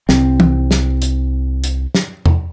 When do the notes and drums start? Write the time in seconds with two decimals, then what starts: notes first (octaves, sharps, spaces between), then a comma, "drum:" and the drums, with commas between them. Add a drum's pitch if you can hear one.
0.09 C2 C4, drum: snare
0.40 drum: tom E3
0.71 drum: snare
1.02 drum: hi-hat
1.64 drum: hi-hat
1.95 drum: snare
2.26 drum: tom E2